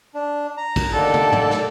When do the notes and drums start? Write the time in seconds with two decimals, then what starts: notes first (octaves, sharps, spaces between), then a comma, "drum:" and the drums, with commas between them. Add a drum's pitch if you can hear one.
0.14 D4
0.57 A#5
0.76 drum: kick, cymbal
0.93 D#2 D3 A4 D5 A5
1.14 drum: tom
1.32 drum: tom
1.51 drum: snare